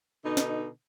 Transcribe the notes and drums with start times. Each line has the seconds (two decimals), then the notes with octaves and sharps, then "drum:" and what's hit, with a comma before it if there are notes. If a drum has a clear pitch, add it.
0.25 B2 D3 D#4
0.37 drum: snare